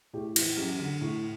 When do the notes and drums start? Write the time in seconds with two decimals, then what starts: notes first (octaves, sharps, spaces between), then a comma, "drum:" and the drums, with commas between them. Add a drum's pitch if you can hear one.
0.13 A2 G4
0.36 E3, drum: cymbal
0.57 F#2 G4
0.79 D3
1.01 A2